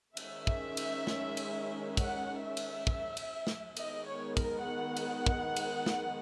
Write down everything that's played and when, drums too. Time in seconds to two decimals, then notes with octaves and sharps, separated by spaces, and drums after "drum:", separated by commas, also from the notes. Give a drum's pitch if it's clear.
0.17 D#3 G#3 C#4 E5, drum: cymbal
0.47 drum: kick
0.77 drum: cymbal
1.07 drum: snare
1.37 drum: cymbal
1.97 F#5, drum: kick, cymbal
2.42 E5
2.57 drum: cymbal
2.87 drum: kick
3.17 drum: cymbal
3.47 drum: snare
3.77 D#3 G#3 B3 D#5, drum: cymbal
4.07 C#5
4.37 A#4, drum: kick, cymbal
4.67 F#5
4.96 drum: cymbal
5.26 drum: kick
5.56 drum: cymbal
5.86 drum: snare